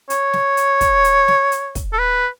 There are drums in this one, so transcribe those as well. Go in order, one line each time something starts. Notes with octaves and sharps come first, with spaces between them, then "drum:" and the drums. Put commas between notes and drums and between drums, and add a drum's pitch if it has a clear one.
C#5, drum: hi-hat
drum: snare
drum: hi-hat
drum: kick, hi-hat
drum: hi-hat
drum: snare
drum: hi-hat
drum: kick, hi-hat
A4
B4